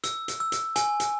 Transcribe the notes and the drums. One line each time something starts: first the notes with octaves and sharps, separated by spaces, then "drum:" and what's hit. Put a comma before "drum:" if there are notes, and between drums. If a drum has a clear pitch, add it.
E6, drum: hi-hat
drum: hi-hat
E6
drum: hi-hat
G#5, drum: hi-hat
drum: hi-hat